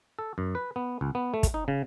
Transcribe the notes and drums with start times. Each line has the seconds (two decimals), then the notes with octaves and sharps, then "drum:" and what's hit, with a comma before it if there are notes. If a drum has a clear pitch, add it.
0.19 A4
0.38 F#2
0.55 B4
0.76 B3
1.01 C#2
1.15 B3
1.34 A3
1.43 drum: kick, hi-hat
1.54 D#4
1.68 C#3